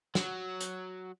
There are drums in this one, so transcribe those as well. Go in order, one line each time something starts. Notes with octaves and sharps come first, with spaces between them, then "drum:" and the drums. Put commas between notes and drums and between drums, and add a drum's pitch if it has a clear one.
F#3, drum: snare
drum: hi-hat